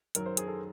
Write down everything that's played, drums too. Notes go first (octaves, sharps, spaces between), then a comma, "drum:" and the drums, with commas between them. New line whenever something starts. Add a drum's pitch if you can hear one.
F#2 D#3 F#3 A#4, drum: hi-hat
C5
G#4, drum: hi-hat
A4